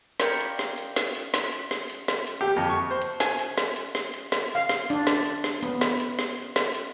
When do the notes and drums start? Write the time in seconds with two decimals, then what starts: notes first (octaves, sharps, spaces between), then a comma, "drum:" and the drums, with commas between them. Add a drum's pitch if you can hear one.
0.20 A#4 C#5 D5 F5 G5 B5, drum: snare
0.40 drum: hi-hat
0.59 drum: snare
0.78 drum: hi-hat
0.96 drum: snare
1.15 drum: hi-hat
1.34 drum: snare
1.52 drum: hi-hat
1.71 drum: snare
1.90 drum: hi-hat
2.08 drum: snare
2.27 drum: hi-hat
2.41 G4
2.56 F2
2.70 C#6
2.91 C5
3.02 drum: hi-hat
3.20 G#5, drum: snare
3.39 drum: hi-hat
3.58 drum: snare
3.76 drum: hi-hat
3.95 drum: snare
4.14 drum: hi-hat
4.32 drum: snare
4.55 F5
4.69 drum: snare
4.90 D4, drum: hi-hat
5.07 drum: snare
5.25 drum: hi-hat
5.44 drum: snare
5.63 B3, drum: hi-hat
5.81 drum: snare
6.00 drum: hi-hat
6.19 drum: snare
6.56 drum: snare
6.75 drum: hi-hat